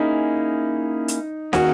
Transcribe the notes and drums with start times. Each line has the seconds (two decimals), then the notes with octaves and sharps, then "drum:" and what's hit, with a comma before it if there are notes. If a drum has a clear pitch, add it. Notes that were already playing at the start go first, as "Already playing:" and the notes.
Already playing: A#3 C#4 D#4 E4 G#4
1.08 drum: hi-hat
1.53 D#3 A#3 C#4 F#4 G#4, drum: snare